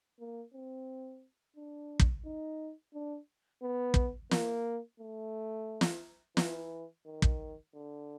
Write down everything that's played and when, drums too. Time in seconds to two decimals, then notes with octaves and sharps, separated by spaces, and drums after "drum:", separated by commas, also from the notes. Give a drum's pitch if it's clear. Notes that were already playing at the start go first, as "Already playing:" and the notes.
0.19 A#3
0.54 C4
1.56 D4
1.99 drum: kick
2.25 D#4
2.94 D4
3.62 B3
3.94 drum: kick
4.31 A#3, drum: snare
5.00 A3
5.81 drum: snare
6.37 E3, drum: snare
7.06 D#3
7.22 drum: kick
7.74 D3